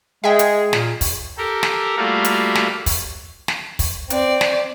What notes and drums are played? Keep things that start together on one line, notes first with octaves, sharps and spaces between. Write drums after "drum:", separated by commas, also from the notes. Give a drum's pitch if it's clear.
G#3 G#4 E5 G5
drum: hi-hat
A#2, drum: snare
drum: kick, open hi-hat
G4 A4 A#4
drum: snare
G3 A3 A#3 F4 F#4
drum: hi-hat
drum: snare
drum: kick, open hi-hat
drum: snare
drum: kick, open hi-hat
C4 D5, drum: hi-hat
drum: snare